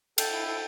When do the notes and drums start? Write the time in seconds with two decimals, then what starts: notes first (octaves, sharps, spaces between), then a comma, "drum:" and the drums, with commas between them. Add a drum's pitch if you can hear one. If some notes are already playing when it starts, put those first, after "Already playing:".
0.18 A4 G5, drum: cymbal
0.33 E4
0.47 A4